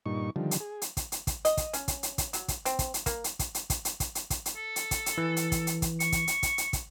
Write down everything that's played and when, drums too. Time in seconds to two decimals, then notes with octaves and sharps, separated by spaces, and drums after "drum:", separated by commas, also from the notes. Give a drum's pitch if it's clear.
0.06 G2 A#2 D#4 C#6
0.36 D3 D#3 F3 G3
0.51 drum: hi-hat
0.60 G#4
0.82 drum: hi-hat
0.97 drum: kick, hi-hat
1.12 drum: hi-hat
1.27 drum: kick, hi-hat
1.45 D#5, drum: hi-hat
1.57 drum: kick, hi-hat
1.73 C#4, drum: hi-hat
1.88 drum: kick, hi-hat
2.03 drum: hi-hat
2.18 drum: kick, hi-hat
2.33 F#3, drum: hi-hat
2.48 drum: kick, hi-hat
2.65 C4, drum: hi-hat
2.79 drum: kick, hi-hat
2.94 drum: hi-hat
3.06 A#3, drum: kick, hi-hat
3.24 drum: hi-hat
3.39 drum: kick, hi-hat
3.55 drum: hi-hat
3.70 drum: kick, hi-hat
3.85 drum: hi-hat
4.00 drum: kick, hi-hat
4.15 drum: hi-hat
4.30 drum: kick, hi-hat
4.46 drum: hi-hat
4.56 A4
4.76 drum: hi-hat
4.91 drum: kick, hi-hat
5.06 drum: hi-hat
5.18 E3
5.37 drum: hi-hat
5.52 drum: kick, hi-hat
5.67 drum: hi-hat
5.82 drum: kick, hi-hat
6.00 C#6, drum: hi-hat
6.12 drum: kick, hi-hat
6.28 drum: hi-hat
6.43 drum: kick, hi-hat
6.58 drum: hi-hat
6.73 drum: kick, hi-hat